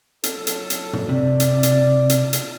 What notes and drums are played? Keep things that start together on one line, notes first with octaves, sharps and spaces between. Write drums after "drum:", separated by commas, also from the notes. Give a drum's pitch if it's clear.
F#3 A4, drum: hi-hat
drum: hi-hat
drum: hi-hat
drum: tom
C3 D5
drum: hi-hat
drum: hi-hat
drum: hi-hat
drum: hi-hat